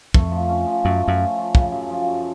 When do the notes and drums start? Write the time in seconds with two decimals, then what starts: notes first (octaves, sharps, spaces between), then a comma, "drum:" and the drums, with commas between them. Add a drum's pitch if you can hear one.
0.14 F2 A3, drum: kick
0.31 F3
0.49 C#4
0.67 F3
0.85 F#2 A3
1.02 F3
1.08 F#2
1.20 C#4
1.37 F3
1.55 C#3, drum: kick
1.71 F#2
1.90 F3
2.07 F#2